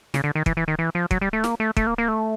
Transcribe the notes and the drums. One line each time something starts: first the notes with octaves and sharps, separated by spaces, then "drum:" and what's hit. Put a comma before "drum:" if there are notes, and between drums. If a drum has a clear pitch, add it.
C#3, drum: snare
D3
D#3
E3, drum: kick
E3
D#3
E3
F3
F#3, drum: kick
G3
A3
A#3, drum: snare
A3
A3, drum: kick
A#3
A#3
A3